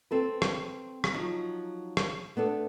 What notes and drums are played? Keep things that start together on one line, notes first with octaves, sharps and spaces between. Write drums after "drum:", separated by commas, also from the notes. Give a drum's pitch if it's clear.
C4 A4 B4
drum: rim click
drum: rim click
F3 F#3 D#4
drum: rim click
A3 B3 D4 A4